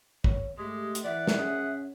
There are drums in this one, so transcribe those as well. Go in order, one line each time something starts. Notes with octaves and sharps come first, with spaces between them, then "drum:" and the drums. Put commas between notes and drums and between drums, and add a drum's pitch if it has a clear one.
C#5, drum: kick
G#3 A3 G4
drum: hi-hat
E3 D5 E5 F#5
drum: snare
C#4 G#4